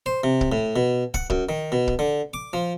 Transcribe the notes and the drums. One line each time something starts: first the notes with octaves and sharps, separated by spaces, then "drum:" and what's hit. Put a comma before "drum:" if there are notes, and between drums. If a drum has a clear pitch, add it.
C5
C3
drum: kick
A2
B2
F#5, drum: kick
F#2, drum: kick
D#3
B2
drum: kick
D3
D6
F3